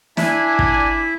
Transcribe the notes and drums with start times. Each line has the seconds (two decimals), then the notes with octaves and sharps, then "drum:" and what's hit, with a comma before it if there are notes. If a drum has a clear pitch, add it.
0.17 D4 E4 D5 E5 G#5, drum: snare
0.59 drum: kick